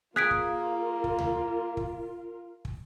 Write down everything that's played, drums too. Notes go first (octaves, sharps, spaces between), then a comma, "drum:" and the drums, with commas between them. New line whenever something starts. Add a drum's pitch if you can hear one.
A#3 F4 G#4 A#4 F#6 B6 D7
drum: kick
drum: kick
drum: tom D2
drum: kick
drum: kick